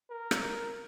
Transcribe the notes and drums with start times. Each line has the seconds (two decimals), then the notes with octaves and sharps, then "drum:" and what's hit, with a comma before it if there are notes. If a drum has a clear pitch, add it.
0.10 A#4
0.31 drum: rim click